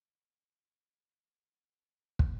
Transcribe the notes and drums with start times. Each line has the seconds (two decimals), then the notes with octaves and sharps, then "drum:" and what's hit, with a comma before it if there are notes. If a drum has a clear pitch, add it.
0.16 G#3 G4 G#4 A#5
0.50 F#2 G5
1.54 F#3 C#4 F#4 A#4 E5
2.19 drum: kick